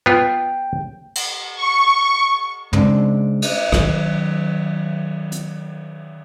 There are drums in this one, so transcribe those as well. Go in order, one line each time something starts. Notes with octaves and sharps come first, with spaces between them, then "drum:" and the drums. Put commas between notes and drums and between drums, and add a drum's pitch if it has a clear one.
B3 F4 G5
drum: cymbal
C#6
C#3 G#3 C4 D4, drum: tom
drum: cymbal
D#3 F#3, drum: rim click
drum: hi-hat